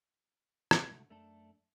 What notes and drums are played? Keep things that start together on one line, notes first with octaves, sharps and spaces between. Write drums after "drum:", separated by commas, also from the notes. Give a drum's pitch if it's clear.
drum: rim click
C2 G#2 D3 A3 F#4
F#2 A3 D4 A4